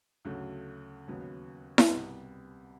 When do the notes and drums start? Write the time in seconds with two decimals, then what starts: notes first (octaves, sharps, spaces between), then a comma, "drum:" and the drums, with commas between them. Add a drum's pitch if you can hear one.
0.25 D2 C#3 F#3 A3
1.07 D#2 C#3 F#3 B3
1.78 drum: snare E4
1.90 C2 B2 G3 B3